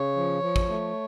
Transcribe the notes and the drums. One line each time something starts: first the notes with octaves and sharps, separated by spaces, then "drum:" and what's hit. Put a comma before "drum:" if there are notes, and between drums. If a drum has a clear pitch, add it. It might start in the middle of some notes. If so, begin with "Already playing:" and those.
Already playing: C#3 C#5
F3
F3
drum: kick
A3